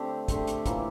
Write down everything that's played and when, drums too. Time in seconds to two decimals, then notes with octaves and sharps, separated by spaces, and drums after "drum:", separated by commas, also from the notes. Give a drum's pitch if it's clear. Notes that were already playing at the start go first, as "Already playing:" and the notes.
Already playing: D3 A3 C4 G4
0.28 D3 A3 C4 G4, drum: kick, hi-hat
0.47 drum: hi-hat
0.66 A2 E3 A#3 F4, drum: kick, hi-hat